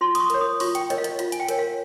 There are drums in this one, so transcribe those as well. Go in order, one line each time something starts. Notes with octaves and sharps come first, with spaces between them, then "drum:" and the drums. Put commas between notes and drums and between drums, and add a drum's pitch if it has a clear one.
F4 C6
D#6, drum: hi-hat
C#6
A#4 C#5, drum: hi-hat
D#6
F4 C#6, drum: open hi-hat
G5, drum: hi-hat
A#4 C#5 D#5, drum: hi-hat
F5
D#5, drum: hi-hat
F4 F5, drum: hi-hat
G#5, drum: hi-hat
G5
A#4 C#5, drum: hi-hat
F5